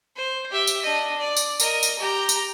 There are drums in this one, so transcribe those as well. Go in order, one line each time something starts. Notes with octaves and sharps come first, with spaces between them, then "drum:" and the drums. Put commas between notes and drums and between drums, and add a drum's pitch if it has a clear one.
C5
G4 E5
drum: tambourine
D4 D#5
D5
drum: tambourine
A#4 D#5, drum: tambourine
drum: tambourine
G4 A#5
drum: tambourine